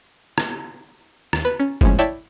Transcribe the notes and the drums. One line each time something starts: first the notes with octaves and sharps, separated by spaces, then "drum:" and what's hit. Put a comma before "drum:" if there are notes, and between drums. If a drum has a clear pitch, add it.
drum: rim click
D#2, drum: rim click
B4
C#4
A2 F3 G#3 C#4, drum: kick
E4 C#5 D5 E5 G5 A5